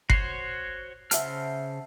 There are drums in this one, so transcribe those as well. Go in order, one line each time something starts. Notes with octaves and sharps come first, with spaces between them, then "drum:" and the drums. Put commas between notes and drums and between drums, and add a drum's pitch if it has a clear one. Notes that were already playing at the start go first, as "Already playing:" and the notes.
F#4 C5 C#5 C7, drum: kick G1
C#3 C5 E5 F#5 A5 F6, drum: hi-hat